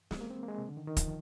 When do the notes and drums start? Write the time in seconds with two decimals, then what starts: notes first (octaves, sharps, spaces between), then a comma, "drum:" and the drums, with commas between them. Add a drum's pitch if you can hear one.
0.11 G#3, drum: snare
0.21 A#3
0.30 C4
0.43 A#3
0.48 G#3
0.58 C3
0.68 D3
0.77 D#3
0.87 D#3
0.97 F3, drum: kick, hi-hat